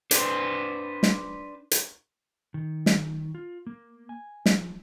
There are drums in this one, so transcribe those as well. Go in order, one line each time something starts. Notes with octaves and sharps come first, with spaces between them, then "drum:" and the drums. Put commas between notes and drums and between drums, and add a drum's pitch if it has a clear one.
D4 B4 C5, drum: hi-hat
drum: snare
drum: hi-hat
D#3
drum: snare
F4
A#3
G#5
F3, drum: snare